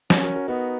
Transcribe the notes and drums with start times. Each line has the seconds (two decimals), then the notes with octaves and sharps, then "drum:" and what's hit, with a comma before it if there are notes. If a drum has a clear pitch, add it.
0.10 C#4 F#4 A#4, drum: snare
0.23 F#4 A#4
0.35 F#4 A#4
0.48 B3 D#4 F#4